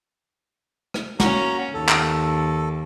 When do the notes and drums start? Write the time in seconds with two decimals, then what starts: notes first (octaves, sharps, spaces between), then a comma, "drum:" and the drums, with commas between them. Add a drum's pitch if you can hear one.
0.94 drum: rim click
1.20 A#3 C#4 F#4 A#5, drum: snare
1.74 D#2 A4
1.88 drum: clap